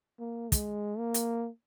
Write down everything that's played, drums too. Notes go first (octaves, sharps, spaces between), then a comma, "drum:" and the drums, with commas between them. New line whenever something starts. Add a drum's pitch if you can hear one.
A#3
G#3, drum: kick, hi-hat
A#3
drum: hi-hat